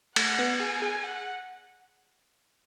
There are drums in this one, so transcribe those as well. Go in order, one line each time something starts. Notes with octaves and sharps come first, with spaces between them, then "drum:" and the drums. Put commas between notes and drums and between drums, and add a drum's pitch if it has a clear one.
A3 F#5, drum: cymbal
B3
G#4 G#5
G#4
F#5